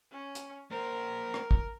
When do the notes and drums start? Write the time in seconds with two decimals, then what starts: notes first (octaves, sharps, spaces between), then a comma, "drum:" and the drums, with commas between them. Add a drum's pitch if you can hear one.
0.12 C#4
0.35 drum: hi-hat
0.71 A#3 A#4 C5
1.34 drum: rim click
1.51 drum: kick